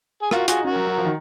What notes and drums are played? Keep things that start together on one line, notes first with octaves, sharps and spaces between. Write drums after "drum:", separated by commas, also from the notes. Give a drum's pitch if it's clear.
G#4
F4 F#4 A#4, drum: rim click
F4 F#4 G#4, drum: hi-hat
D#4
C#4 F#4 A#4
F#3
F#3
F3
D#3